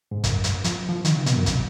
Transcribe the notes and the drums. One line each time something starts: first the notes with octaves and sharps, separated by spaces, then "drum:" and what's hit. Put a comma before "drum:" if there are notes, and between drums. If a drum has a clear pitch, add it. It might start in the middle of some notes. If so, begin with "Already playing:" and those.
G#2
F#2, drum: kick, hi-hat
drum: hi-hat
F3, drum: hi-hat
F3
D#3, drum: hi-hat
C#3
B2, drum: hi-hat
F#2
drum: kick, hi-hat